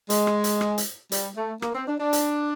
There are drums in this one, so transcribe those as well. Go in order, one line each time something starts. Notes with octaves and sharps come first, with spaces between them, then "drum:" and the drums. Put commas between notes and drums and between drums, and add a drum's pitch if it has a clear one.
G#3, drum: hi-hat
drum: rim click
drum: hi-hat
drum: rim click
drum: hi-hat
G3, drum: hi-hat
A3
A#3, drum: rim click
C4
D4
D4
drum: hi-hat